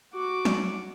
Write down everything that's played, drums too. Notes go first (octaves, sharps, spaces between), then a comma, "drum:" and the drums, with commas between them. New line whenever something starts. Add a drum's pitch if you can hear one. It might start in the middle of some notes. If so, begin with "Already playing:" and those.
F#4 D6
drum: snare